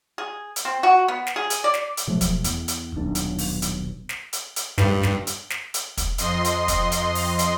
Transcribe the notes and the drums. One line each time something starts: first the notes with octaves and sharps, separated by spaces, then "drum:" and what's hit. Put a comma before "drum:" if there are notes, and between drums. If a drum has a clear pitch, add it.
G#4
drum: hi-hat
C4
F#4
B3
drum: snare
G#4
drum: hi-hat
D5
drum: snare
drum: hi-hat
B2 F3 F#3 A3
drum: kick, hi-hat
E2, drum: hi-hat
drum: hi-hat
D#1 B1 D4
drum: hi-hat
drum: open hi-hat
drum: hi-hat
drum: snare
drum: hi-hat
drum: hi-hat
G2, drum: snare
drum: snare
drum: hi-hat
drum: snare
drum: hi-hat
drum: kick, hi-hat
F2 D#5 C6, drum: hi-hat
drum: hi-hat
drum: kick, hi-hat
drum: hi-hat
drum: open hi-hat
drum: hi-hat